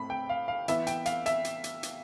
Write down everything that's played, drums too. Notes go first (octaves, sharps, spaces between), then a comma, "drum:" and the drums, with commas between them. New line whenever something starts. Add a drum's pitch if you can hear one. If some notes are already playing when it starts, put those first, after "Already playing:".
Already playing: A2 C4 B5
G5
F5
F5
E3 B3 E5, drum: hi-hat
G5, drum: hi-hat
F5, drum: hi-hat
E5, drum: hi-hat
drum: hi-hat
drum: hi-hat
drum: hi-hat